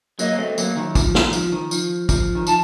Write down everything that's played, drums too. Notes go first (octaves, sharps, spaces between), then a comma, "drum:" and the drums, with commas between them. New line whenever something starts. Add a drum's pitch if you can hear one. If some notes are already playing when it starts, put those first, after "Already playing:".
F#3 A#3 D#5, drum: tambourine
A#3
A3 C4
F#3 A#3, drum: tambourine
D#3 F#3
F3, drum: kick, tambourine
D#3, drum: snare
F3, drum: tambourine
D#3
F3, drum: tambourine
F3, drum: kick, tambourine
D#3
F3 A5, drum: tambourine